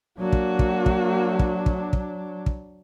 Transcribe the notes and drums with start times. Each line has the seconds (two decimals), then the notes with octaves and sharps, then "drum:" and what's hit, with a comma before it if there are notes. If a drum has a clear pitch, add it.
0.19 F#3 A#3 D4 F#4
0.33 drum: kick
0.59 drum: kick
0.86 drum: kick
1.39 drum: kick
1.66 drum: kick
1.93 drum: kick
2.46 drum: kick